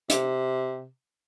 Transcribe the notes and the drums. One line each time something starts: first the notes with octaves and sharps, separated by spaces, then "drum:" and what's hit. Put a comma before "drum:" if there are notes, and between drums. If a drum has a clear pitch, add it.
C3, drum: hi-hat